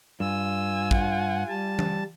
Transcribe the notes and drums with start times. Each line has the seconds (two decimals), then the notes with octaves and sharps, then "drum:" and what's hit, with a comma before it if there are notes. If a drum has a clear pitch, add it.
0.20 G2 F4 G#5 E6
0.91 F#5, drum: kick
1.48 G3 A5
1.79 drum: tom E3